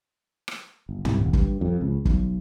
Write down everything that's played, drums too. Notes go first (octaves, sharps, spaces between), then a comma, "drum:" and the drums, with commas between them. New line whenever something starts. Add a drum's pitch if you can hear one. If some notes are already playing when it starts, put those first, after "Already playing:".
drum: rim click
G1
C2, drum: tom
D#1
G2, drum: kick
F2
C#2
B1, drum: kick